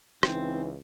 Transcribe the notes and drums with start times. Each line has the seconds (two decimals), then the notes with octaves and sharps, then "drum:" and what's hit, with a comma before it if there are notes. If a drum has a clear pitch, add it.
0.23 C#2 E3 C4 D#4, drum: rim click